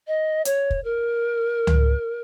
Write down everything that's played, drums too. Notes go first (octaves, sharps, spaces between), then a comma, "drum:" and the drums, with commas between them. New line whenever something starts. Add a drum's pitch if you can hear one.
D#5
C#5, drum: hi-hat
drum: kick
A#4
drum: tom C#2